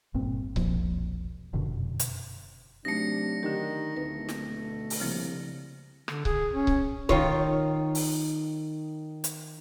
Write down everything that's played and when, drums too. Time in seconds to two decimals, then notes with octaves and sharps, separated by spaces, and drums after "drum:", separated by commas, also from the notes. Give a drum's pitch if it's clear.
0.14 G1 G2 A#2 C4
0.56 E1 A#1 A#2 F3, drum: kick C#1
1.53 F1 F#2 B2 D3
2.00 drum: hi-hat
2.85 C3 F#3 A3 D4 D#4 A#6 C#7
3.43 D3 D#3 G4
3.96 D1 D2 B2 A3 B4
4.29 drum: snare
4.90 drum: open hi-hat
5.00 C2 C#3 F3 A#3
6.08 D3, drum: rim click
6.25 G#4, drum: kick C#1
6.53 C#4
6.67 drum: kick C#1
7.09 D#3 F4 C#5, drum: kick C#1
7.95 drum: open hi-hat
9.24 drum: hi-hat